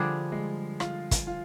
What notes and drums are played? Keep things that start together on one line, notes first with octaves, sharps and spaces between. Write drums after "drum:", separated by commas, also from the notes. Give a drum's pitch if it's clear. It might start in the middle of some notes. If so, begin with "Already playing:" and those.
Already playing: D3 F3 G3 D4 G#4
G#3
F4, drum: rim click
drum: kick, hi-hat
F4